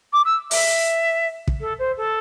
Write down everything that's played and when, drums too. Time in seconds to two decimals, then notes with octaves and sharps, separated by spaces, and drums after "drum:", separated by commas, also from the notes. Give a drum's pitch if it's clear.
0.13 D6
0.25 E6
0.51 E5, drum: open hi-hat
1.48 drum: kick
1.60 A4
1.79 C5
1.97 A4